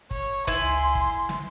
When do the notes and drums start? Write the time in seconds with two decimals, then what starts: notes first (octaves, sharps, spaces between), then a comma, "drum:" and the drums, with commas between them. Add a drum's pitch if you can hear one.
0.11 C#5, drum: kick
0.47 E4 G#5 C6, drum: kick
0.61 drum: tom C#2
0.95 drum: kick
1.29 drum: snare